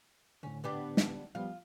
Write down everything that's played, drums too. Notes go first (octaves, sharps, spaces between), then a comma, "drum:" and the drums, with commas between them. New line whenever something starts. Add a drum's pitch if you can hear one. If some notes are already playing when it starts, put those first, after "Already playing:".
A2 D3 C#4
B3 D4 G4
drum: snare
F3 G3 B3 F4